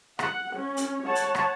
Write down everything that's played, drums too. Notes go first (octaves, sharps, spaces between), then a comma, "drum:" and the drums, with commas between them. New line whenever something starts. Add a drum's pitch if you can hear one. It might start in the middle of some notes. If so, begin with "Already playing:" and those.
F#5, drum: rim click
C#4
drum: hi-hat
C#5 F#5 A5
drum: hi-hat
drum: rim click